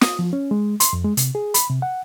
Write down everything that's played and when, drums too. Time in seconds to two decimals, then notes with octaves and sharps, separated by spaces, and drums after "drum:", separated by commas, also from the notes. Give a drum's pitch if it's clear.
0.01 D#6, drum: snare
0.19 F3
0.33 C#4
0.51 G#3
0.80 C6, drum: hi-hat
0.93 F2
1.04 G#3
1.17 C3, drum: hi-hat
1.35 G#4
1.54 B5, drum: hi-hat
1.70 C3
1.82 F#5